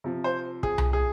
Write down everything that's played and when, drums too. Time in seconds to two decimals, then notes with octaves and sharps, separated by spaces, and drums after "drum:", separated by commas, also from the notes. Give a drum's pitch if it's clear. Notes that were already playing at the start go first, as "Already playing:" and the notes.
0.04 C3 F3
0.24 C5
0.63 G#4, drum: kick
0.78 drum: tom C2
0.93 G#4